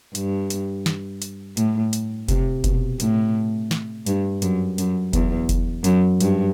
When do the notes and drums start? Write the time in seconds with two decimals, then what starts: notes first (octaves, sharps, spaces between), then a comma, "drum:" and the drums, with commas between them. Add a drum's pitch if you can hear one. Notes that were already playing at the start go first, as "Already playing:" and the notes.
0.15 G2, drum: hi-hat
0.50 drum: hi-hat
0.86 drum: snare
1.22 drum: hi-hat
1.57 A2, drum: hi-hat
1.93 drum: hi-hat
2.29 C3, drum: kick F1, hi-hat
2.64 B2, drum: kick F1, hi-hat
3.00 A2, drum: hi-hat
3.71 drum: snare
4.06 G2, drum: hi-hat
4.42 F#2, drum: hi-hat
4.78 F#2, drum: hi-hat
5.13 E2, drum: kick F1, hi-hat
5.49 drum: kick F1, hi-hat
5.84 F#2, drum: hi-hat
6.20 G2, drum: hi-hat